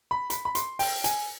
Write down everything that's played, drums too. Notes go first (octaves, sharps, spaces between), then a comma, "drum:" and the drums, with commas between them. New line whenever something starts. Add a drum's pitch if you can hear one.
B5
B5, drum: hi-hat
B5
C6, drum: hi-hat
G5, drum: open hi-hat
G#5, drum: hi-hat